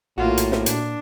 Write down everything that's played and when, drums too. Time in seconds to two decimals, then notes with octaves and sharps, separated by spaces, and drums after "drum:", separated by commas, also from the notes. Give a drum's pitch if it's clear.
0.18 A#1 A2 A#3 F4 F#4
0.37 drum: hi-hat
0.52 drum: snare
0.66 A#2 D4, drum: hi-hat